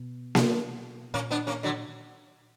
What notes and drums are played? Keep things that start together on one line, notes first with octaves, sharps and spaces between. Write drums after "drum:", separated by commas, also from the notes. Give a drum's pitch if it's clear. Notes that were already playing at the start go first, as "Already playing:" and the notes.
Already playing: B2
drum: snare A#3
A#2 A#3 C#4
B3 D4
A#3 C#4
D3 F#3